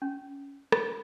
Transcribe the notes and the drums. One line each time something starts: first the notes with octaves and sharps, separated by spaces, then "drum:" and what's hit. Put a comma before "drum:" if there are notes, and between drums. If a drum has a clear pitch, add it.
C#4
drum: rim click